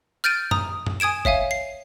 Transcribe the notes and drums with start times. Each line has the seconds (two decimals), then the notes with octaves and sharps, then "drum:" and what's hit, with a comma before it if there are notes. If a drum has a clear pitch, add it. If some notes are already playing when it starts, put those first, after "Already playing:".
0.24 F6 G6 A6 D7 D#7
0.51 A#5 D#6, drum: tom F#2
0.87 drum: tom F#2
1.00 G#5 D#6 G#6 D7 E7
1.25 C#5 E5 F5 G#5, drum: kick
1.51 C7